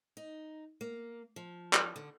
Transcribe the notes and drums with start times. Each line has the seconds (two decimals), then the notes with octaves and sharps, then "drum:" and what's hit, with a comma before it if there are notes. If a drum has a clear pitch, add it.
0.17 D#4
0.81 A#3
1.36 F3
1.73 drum: clap
1.96 D3